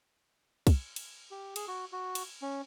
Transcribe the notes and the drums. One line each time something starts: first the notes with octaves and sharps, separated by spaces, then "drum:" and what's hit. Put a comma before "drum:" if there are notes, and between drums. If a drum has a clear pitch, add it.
drum: kick, cymbal
drum: cymbal
G4
G#4, drum: cymbal
F#4
F#4
drum: cymbal
C#4